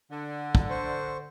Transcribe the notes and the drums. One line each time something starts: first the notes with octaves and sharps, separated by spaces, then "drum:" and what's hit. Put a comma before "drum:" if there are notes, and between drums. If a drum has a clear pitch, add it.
D3
drum: kick
C5 C#6